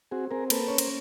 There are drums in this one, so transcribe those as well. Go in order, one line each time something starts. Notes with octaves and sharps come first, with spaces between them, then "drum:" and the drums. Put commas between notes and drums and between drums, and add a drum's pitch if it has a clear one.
C4 F#4 G#4
C4 G#4 A#4
A#3 A4 B4, drum: cymbal
C#4 C#5
C5, drum: cymbal